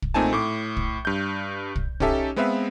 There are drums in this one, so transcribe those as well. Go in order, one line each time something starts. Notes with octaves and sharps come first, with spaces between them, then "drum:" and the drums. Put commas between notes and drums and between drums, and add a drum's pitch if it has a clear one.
drum: kick
A#2 A3 C4 D#4 G#5 A5
A2 D6
drum: kick
G2 G6
drum: kick
C#4 D#4 G4 A4 E5, drum: kick
G#3 B3 C4 B4 E5 F5